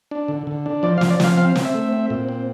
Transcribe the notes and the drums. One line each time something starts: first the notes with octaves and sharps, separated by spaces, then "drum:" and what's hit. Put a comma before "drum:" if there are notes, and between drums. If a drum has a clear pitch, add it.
D4
D3
D3
D4
F3 D5
F5
F3, drum: snare
D5
F3 F5, drum: snare
C4 F5
C4, drum: snare
E5
A3
C4
A#2
C4